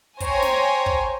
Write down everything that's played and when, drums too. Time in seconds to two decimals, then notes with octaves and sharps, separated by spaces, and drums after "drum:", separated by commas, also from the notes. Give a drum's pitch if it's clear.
0.20 C5 C#5 G5 G#5 A#5, drum: kick, hi-hat
0.42 drum: snare
0.86 drum: kick